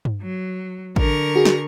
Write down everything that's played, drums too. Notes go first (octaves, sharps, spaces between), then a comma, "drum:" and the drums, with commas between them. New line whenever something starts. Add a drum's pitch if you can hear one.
drum: tom G2
F#3
D3 A#4 C#6, drum: kick A1
F#4 G#4
drum: snare